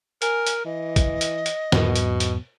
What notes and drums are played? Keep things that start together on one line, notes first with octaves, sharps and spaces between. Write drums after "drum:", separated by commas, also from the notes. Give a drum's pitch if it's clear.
A#4 G#5, drum: hi-hat
drum: hi-hat
E3 D#5
drum: kick, hi-hat
drum: hi-hat
drum: hi-hat
E2 G#2 B2 F#3, drum: snare
drum: hi-hat
drum: hi-hat